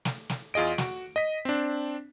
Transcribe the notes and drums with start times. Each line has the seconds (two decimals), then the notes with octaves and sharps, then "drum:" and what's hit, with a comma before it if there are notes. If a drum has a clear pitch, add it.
0.05 drum: snare
0.29 drum: snare
0.54 E2 F4 G#4 D#5 D7
0.78 F#4, drum: snare
1.16 D#5 B6
1.45 C4 D4